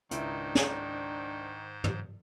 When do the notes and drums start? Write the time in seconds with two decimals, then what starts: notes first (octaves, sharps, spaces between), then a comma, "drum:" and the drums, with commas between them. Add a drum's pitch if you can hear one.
0.11 C#2 G#2 D#3 D4 E4 C5 D7, drum: hi-hat
0.55 drum: snare
1.84 drum: tom